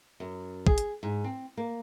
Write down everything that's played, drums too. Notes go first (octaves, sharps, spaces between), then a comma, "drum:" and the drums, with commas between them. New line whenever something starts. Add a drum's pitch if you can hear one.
F#2
G#4, drum: kick
drum: hi-hat
G#2
C4
A#3